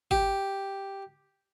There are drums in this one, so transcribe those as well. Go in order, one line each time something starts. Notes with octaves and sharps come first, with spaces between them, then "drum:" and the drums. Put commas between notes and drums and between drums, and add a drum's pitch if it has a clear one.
G4, drum: kick G1